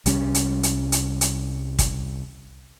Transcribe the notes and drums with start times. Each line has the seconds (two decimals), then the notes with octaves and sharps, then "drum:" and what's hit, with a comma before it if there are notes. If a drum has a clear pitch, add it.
0.06 C2 G3 C#4, drum: hi-hat
0.34 drum: hi-hat
0.63 drum: hi-hat
0.92 drum: hi-hat
1.21 drum: hi-hat
1.79 drum: kick, hi-hat